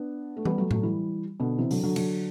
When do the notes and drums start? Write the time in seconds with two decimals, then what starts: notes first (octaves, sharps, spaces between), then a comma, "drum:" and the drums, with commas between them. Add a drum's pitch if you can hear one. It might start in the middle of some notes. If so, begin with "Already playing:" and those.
Already playing: B3 D4
0.37 A3
0.45 G3 B3, drum: tom
0.58 F#3 A3
0.71 F#3 A3, drum: tom A2
0.83 E3 G3
1.40 B2 D3
1.58 C3 E3
1.71 D3 F#3, drum: open hi-hat
1.83 D3 F#3
1.96 D3 F#3, drum: cymbal